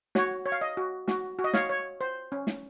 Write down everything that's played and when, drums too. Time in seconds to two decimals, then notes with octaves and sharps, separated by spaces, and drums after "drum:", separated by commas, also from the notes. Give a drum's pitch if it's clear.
0.15 F#4 C#5, drum: snare
0.46 C#5
0.52 F5
0.61 D#5
0.77 F#4
1.08 F#4, drum: snare
1.39 F#4
1.44 D#5
1.54 C#5 F5, drum: snare
1.69 C#5
2.01 C5
2.32 C#4
2.47 drum: snare